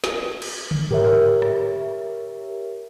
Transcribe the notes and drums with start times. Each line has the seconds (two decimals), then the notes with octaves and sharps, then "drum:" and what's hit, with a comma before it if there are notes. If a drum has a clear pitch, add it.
0.04 drum: snare
0.42 drum: cymbal
0.71 drum: tom
0.91 G4 A#4 C#5 E5, drum: tom G#2
1.42 drum: rim click